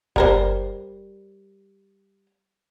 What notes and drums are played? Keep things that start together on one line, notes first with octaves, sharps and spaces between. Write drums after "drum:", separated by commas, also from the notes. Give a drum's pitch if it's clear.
G3 A#4 C5, drum: kick F#1